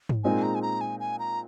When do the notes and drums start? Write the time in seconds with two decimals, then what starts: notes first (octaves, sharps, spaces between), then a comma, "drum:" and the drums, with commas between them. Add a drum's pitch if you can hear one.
0.09 drum: tom G#2
0.24 A#2 G#3 C4 D#4 G#4 G#5
0.43 A#5
0.55 G#5
0.62 A#5
0.81 G#5
1.00 G#5
1.19 A#5